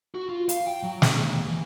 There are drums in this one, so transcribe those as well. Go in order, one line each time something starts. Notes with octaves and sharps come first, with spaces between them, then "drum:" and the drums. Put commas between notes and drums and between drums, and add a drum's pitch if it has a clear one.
F#4
F4
F5, drum: hi-hat
G5
F#3
C4, drum: snare
D#2
E3